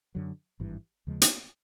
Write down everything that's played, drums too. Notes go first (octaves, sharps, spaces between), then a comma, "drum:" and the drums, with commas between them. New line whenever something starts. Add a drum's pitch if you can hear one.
F#2 D3 F#3
G#1 G2 E3
D#2 C#3 F3 G#3
drum: hi-hat